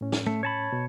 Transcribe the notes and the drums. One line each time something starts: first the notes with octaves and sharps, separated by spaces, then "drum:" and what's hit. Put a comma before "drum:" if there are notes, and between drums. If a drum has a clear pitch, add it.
A2 C#4
drum: snare
A3
C#5 A5 B5
B2